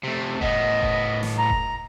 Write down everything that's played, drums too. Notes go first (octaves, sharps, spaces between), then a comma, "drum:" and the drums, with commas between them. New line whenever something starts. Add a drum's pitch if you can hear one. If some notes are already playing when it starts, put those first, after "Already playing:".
C3 A3
A2 B3 D#5, drum: kick F1
drum: kick F1
drum: snare
A#5
drum: kick F1